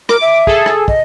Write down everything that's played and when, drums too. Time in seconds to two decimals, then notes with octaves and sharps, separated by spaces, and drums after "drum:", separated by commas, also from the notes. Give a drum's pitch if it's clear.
0.09 A#4 D6, drum: rim click
0.21 E5
0.47 G#4 A4, drum: kick
0.66 drum: rim click
0.88 D#5, drum: kick